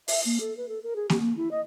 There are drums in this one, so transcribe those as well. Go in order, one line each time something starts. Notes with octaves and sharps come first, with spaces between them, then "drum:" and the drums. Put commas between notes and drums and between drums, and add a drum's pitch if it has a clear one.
E5, drum: open hi-hat
A#3
A4
B4
A4
A#4
G#4
G4, drum: snare A#3
A#3
E4
D#5